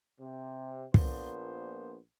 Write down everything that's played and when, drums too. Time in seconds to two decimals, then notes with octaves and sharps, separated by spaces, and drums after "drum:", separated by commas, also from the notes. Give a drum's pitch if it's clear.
0.20 C3
0.94 A#1 A#2 B3 C5, drum: kick